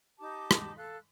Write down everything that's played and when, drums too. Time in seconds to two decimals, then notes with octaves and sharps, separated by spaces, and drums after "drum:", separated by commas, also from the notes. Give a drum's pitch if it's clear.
0.19 D#4 G4 A5 D6
0.51 drum: rim click
0.76 A4 F5 F#6